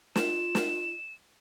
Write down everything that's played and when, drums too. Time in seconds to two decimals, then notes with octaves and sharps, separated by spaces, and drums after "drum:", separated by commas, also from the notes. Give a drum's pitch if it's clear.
0.16 F4 E7, drum: snare
0.55 drum: snare